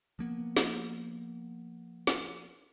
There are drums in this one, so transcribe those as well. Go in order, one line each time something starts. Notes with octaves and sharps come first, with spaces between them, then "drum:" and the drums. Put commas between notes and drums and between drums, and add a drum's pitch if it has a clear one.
F3 A#3 B3
drum: snare
drum: snare